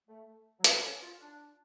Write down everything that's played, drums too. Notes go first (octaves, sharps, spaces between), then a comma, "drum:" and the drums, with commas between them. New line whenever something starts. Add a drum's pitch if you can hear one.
A3
F#3
G#3, drum: hi-hat
C#4
F4
D4